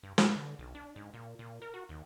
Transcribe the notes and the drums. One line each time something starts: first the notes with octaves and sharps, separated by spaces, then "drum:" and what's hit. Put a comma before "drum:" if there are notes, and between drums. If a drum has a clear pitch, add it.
G2
A2, drum: snare
D3
B1
D4
G#2
A#2
A#2
A#4
F#4
D#2